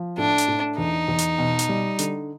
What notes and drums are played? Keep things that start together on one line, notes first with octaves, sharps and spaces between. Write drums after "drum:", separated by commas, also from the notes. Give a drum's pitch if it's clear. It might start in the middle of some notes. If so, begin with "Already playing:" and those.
Already playing: F3
A2 D4
drum: hi-hat
A2
E2 D#4
E2
drum: hi-hat
B2
drum: hi-hat
G3
D3, drum: hi-hat